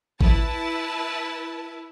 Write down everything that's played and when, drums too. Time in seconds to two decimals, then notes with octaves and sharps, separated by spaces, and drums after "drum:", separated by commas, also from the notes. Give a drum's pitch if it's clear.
0.21 E4 B4 A5, drum: kick G#1